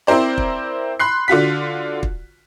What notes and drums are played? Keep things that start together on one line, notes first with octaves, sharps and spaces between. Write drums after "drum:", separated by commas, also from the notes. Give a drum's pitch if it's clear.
C4 E4 A#4 C5 D5
drum: kick
B5 C6 F#6 C7
D3 F4 F#4 B6
drum: kick